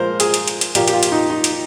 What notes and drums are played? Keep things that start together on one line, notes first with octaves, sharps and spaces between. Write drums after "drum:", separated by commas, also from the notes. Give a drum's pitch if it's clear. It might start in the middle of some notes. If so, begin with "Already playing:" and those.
Already playing: A#2 F3 G#3 A#4 C5
G#4, drum: hi-hat
drum: hi-hat
drum: hi-hat
drum: hi-hat
A#2 F3 A#3 G4, drum: hi-hat
G4, drum: hi-hat
F4
drum: hi-hat
D#4
D#4
drum: hi-hat